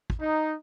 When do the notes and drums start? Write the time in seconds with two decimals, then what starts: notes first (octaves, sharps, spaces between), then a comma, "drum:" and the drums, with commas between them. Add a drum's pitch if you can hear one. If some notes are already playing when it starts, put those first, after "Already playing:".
0.10 drum: kick
0.20 D#4